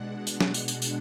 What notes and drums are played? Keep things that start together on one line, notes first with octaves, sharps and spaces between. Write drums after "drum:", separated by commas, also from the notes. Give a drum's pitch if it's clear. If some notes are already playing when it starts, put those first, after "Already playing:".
Already playing: B2 G#3 D4 F#5
drum: tambourine
drum: snare
drum: tambourine
drum: tambourine
drum: tambourine